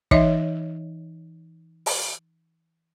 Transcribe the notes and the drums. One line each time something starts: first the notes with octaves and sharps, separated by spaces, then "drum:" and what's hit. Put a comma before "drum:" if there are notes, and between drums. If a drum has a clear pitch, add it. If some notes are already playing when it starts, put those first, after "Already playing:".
E3 D#4 C#5 D#5 E5, drum: kick
drum: open hi-hat